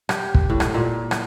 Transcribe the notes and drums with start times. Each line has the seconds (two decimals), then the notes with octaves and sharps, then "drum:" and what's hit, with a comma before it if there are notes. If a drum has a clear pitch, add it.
0.09 G4, drum: rim click
0.34 drum: kick
0.50 A2
0.60 drum: rim click
0.74 A#2
1.11 drum: rim click